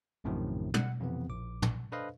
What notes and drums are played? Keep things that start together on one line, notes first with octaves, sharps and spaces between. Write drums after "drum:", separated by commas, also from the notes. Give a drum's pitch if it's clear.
A#1 F#2 A2 C3 D#3 F3
F#5, drum: tom
F2 C3 E3 B3
A#1 D6
drum: tom
D4 A4 B4 C5 D#5 F5